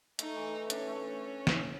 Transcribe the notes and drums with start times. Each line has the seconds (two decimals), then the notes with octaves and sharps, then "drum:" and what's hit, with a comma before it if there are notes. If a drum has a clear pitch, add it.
0.19 A3 D#4, drum: hi-hat
0.36 E3
0.53 E3
0.70 C#4 D4, drum: hi-hat
0.87 A3
1.47 drum: snare